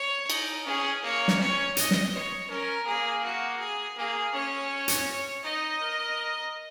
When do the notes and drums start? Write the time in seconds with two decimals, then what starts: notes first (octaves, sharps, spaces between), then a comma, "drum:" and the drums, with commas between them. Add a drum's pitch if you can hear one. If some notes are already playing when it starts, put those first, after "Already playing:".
Already playing: C#5
0.30 D#4, drum: cymbal
0.66 C#4 G#4
1.03 A#3 C#5
1.28 drum: snare
1.40 C#4 C#5
1.77 D#5, drum: hi-hat
1.91 drum: snare
2.14 C#5
2.50 C#4 A#4
2.86 A#3 G#4
3.24 F#4
3.60 G#4
3.97 A#3 G#4
4.34 C#4 C#5
4.88 drum: hi-hat
5.44 D#4 D#5
5.81 A#4